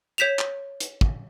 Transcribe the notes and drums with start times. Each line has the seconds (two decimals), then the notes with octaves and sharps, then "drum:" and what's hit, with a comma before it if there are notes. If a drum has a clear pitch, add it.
0.18 C#5 G6 B6 E7 F7
0.39 drum: clap
0.80 drum: hi-hat
1.01 drum: kick